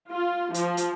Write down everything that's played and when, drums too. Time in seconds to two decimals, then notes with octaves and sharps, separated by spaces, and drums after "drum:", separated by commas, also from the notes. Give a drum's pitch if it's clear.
0.10 F4
0.54 F3, drum: hi-hat
0.77 drum: hi-hat